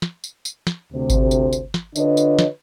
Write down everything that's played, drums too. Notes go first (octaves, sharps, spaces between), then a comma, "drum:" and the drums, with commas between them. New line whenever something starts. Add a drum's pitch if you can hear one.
drum: snare
drum: tambourine
drum: tambourine
drum: snare
D2 C3 C5
drum: kick G#1, tambourine
drum: tambourine
drum: tambourine
drum: snare
D3 D4 F4 B4 C#5 D#5, drum: tambourine
drum: tambourine
drum: snare